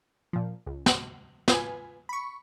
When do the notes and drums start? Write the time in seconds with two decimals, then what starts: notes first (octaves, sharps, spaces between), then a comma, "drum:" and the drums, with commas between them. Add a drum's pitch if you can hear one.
0.33 A#2 F3
0.66 C#2
0.86 drum: snare
1.48 F4 B4 G#5, drum: snare
2.09 B5 C#6